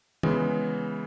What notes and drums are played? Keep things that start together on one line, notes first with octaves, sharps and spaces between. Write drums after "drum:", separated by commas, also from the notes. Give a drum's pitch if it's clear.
C#3 E3 G#3 B3, drum: tom D#3